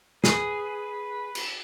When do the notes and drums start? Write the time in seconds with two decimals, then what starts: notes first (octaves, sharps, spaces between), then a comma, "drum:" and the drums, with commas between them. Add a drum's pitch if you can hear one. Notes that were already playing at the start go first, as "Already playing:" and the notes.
0.24 G#4 B4, drum: snare
1.35 drum: cymbal